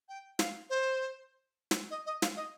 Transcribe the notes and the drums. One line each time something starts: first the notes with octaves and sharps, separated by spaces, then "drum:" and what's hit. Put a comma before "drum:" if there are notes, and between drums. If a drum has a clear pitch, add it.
G5
F5, drum: snare
C5
drum: snare
D#5
D#5
F5, drum: snare
D#5